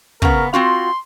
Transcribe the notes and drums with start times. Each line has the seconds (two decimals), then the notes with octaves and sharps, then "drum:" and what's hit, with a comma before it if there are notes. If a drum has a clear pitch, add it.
0.22 C#3 B3 A#4, drum: kick
0.54 C4 F4 F#4 C6